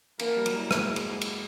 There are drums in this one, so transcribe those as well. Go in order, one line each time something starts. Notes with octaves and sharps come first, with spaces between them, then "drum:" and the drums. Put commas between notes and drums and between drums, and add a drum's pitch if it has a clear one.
A#3 A#4, drum: cymbal
G3
F#3, drum: cymbal
E4
G#3, drum: rim click
drum: cymbal
drum: cymbal